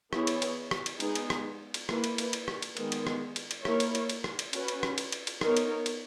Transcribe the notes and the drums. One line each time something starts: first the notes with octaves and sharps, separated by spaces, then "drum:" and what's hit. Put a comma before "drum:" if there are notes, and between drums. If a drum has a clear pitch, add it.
E3 B3 E4 G#4 C#5, drum: rim click
drum: cymbal
drum: cymbal
drum: rim click
drum: cymbal
G#3 B3 D#4 G#4, drum: cymbal
drum: cymbal
drum: rim click
drum: cymbal
A#3 E4 B4, drum: rim click
drum: cymbal
drum: cymbal
drum: cymbal
drum: rim click
drum: cymbal
D#3 G#3 B3, drum: cymbal
drum: cymbal
drum: rim click
drum: cymbal
drum: cymbal
A#3 E4 A#4 C#5, drum: rim click
drum: cymbal
drum: cymbal
drum: cymbal
drum: rim click
drum: cymbal
C#4 F#4 B4, drum: cymbal
drum: cymbal
drum: rim click
drum: cymbal
drum: cymbal
drum: cymbal
B3 D#4 A#4 C#5, drum: rim click
drum: cymbal
drum: cymbal